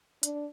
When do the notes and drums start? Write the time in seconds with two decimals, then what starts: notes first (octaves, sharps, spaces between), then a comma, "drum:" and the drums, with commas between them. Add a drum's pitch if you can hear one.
0.23 D4, drum: hi-hat